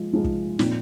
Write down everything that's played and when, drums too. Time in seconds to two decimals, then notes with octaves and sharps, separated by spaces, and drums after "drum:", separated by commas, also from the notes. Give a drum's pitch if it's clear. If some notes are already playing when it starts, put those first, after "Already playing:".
Already playing: F3 G#3
0.13 F3 G#3 D#4 G#4
0.24 drum: kick
0.59 A#2 F3 C4 D#4, drum: snare